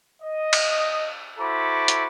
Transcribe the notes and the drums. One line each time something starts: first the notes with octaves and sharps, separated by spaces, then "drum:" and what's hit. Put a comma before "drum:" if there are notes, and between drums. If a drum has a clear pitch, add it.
D#5
drum: cymbal
E4 F#4 A4 C5 B5 D6
drum: hi-hat